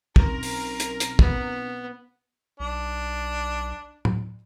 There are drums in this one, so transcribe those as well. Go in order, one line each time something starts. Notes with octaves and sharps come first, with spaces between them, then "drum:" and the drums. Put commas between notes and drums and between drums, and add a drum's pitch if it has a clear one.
B1 C4 C#4 D#4 A#4, drum: kick
drum: open hi-hat
drum: hi-hat
drum: hi-hat
B3, drum: kick
B1 D4
drum: tom A2